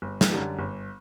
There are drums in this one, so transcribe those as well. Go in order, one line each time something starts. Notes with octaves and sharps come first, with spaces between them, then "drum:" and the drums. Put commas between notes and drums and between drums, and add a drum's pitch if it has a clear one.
G1
drum: snare
F#2 D3 G3
G1